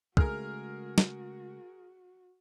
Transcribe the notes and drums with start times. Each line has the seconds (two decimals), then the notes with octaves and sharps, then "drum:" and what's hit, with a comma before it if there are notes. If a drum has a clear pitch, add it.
0.17 C#3 G#3 A3 F#4 G#4 A#4 F6, drum: kick
0.98 drum: snare